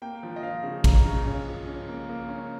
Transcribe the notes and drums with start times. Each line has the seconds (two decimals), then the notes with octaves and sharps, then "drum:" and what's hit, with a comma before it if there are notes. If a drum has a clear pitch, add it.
0.02 A#3 G5
0.23 F3
0.36 D#5
0.43 F3 F5
0.63 C#3
0.84 C#4 A#5, drum: kick A1, cymbal
1.06 C#3
1.25 C#4
1.47 F3
1.67 C#4
1.89 A#3
2.09 A#3
2.29 C#4